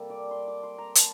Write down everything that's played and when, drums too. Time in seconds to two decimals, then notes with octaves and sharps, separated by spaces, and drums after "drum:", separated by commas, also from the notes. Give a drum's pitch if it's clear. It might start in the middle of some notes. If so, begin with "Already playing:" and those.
Already playing: C3 G3 A#3 G4 A4
0.10 D5
0.31 C6
0.48 D6
0.63 C6
0.78 A#5
0.95 A5, drum: hi-hat